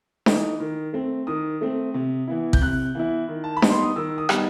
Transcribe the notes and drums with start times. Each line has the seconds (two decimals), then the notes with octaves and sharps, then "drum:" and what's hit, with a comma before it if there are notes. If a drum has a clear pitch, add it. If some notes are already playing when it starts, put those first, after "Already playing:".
0.26 E3 A3 D#4, drum: snare D4
0.60 D#3
0.93 A3 C4
1.27 D#3 D#6
1.61 A3 C4
1.94 C3
2.27 E3 B3 E4
2.53 G6, drum: kick A1
2.61 C3 F#6
2.95 E3 B3 E4
3.28 D#3
3.44 A5
3.57 B5
3.62 G3 B3 D#4, drum: snare D4
3.70 C6
3.83 D#6
3.96 D#3 E6
4.18 D#6
4.29 G3 B3 D#4, drum: rim click